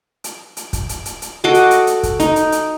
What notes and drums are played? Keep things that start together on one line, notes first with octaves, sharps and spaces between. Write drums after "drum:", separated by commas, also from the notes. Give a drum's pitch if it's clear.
drum: hi-hat
drum: hi-hat
drum: kick, hi-hat
drum: hi-hat
drum: hi-hat
drum: hi-hat
F#4 A4 D#5 D6
drum: hi-hat
drum: hi-hat
drum: hi-hat
drum: kick, hi-hat
D#4, drum: hi-hat
drum: hi-hat
drum: hi-hat